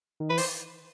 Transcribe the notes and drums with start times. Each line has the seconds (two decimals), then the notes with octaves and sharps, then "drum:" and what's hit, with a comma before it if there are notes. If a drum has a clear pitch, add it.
0.20 D#3
0.30 E3 B4
0.38 C5, drum: open hi-hat